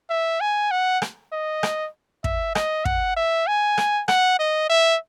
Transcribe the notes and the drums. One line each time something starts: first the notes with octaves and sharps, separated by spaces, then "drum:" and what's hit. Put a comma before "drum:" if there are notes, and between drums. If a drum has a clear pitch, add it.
E5
G#5
F#5
drum: rim click
D#5
drum: rim click
E5, drum: kick
D#5, drum: rim click
F#5, drum: kick
E5
G#5
drum: rim click
F#5, drum: rim click
D#5
E5